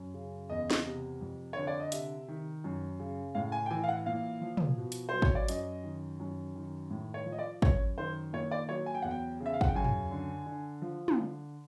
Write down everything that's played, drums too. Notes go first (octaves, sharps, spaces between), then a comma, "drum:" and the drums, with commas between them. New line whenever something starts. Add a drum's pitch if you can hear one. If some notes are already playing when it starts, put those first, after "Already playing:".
Already playing: F#2
C#3
E2 D#5
drum: snare
C3
F2
D3 C#5
D5
D#5
C3 E5, drum: hi-hat
D#3
F#2
C#3
A2 F5
G#5
G5
E3 G#5
F5
F#5
A#2 F5
F3
drum: tom
B2
drum: hi-hat
F#3 C5
C#5, drum: kick
D5
F#2 D#5, drum: hi-hat
D#3
F#2
D#3
A2
C#5
F3
D#5
D5
F#2 C#5, drum: kick
D#3 C5
A#2 C#5
D5
F#3 C#5
G#5
G5
E2 F#5
G5
C#3
E5
F5
F#5, drum: kick
G5
F#2 G#5
drum: tom
D3
D3
F3
drum: tom
D3